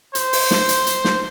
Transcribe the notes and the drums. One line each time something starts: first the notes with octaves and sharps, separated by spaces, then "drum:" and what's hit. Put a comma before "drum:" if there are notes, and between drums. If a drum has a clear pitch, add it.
C5, drum: hi-hat
drum: open hi-hat
drum: snare
drum: hi-hat
drum: hi-hat
drum: snare